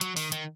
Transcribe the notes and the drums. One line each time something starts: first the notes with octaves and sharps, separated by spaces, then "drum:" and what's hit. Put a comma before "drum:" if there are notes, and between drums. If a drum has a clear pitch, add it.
F#3, drum: hi-hat
D#3, drum: open hi-hat
D#3, drum: hi-hat